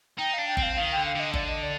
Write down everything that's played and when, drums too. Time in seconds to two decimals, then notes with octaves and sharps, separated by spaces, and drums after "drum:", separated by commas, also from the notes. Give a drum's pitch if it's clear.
0.18 D#4 G5
0.33 F5
0.39 D4
0.47 G5
0.57 C4, drum: kick G1
0.63 F5
0.76 D#3 F5
0.91 D3 G5
1.05 F5
1.15 D3 D#5
1.34 D5, drum: kick G1
1.48 D#5
1.63 D5